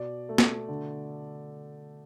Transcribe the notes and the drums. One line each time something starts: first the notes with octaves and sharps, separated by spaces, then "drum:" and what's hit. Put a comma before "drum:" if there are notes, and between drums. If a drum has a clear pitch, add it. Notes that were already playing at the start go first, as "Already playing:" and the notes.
Already playing: B2 D5
A3
drum: snare
D3